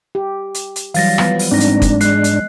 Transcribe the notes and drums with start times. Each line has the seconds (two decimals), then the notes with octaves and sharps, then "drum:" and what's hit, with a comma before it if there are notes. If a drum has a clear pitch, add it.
0.15 G4
0.54 drum: hi-hat
0.76 drum: hi-hat
0.94 E3 F#3 G3 F5 A6 A#6, drum: open hi-hat
1.18 F3 G3 B3, drum: rim click
1.39 drum: open hi-hat
1.51 G#2 C4 D4 D#4 A#6
1.60 drum: hi-hat
1.82 drum: kick F#1, hi-hat
2.01 G#3 F#6 C7, drum: hi-hat
2.24 drum: hi-hat